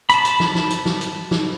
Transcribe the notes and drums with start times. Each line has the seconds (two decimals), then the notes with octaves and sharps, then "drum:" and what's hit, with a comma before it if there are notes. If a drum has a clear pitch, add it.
0.10 A5 B5, drum: hi-hat
0.25 drum: hi-hat
0.40 drum: snare
0.55 drum: snare
0.70 drum: hi-hat
0.86 drum: snare
1.01 drum: hi-hat
1.31 drum: snare